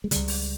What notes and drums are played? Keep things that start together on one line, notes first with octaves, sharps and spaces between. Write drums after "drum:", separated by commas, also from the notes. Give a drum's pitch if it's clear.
G#3
C#2 C#3 G3, drum: hi-hat
drum: open hi-hat